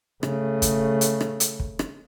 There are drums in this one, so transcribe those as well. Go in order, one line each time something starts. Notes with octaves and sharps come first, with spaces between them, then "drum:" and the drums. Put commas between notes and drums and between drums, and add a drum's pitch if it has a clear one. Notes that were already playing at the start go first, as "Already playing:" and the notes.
C#3 A3, drum: rim click
drum: kick, hi-hat
drum: hi-hat
drum: rim click
drum: hi-hat
drum: kick
drum: rim click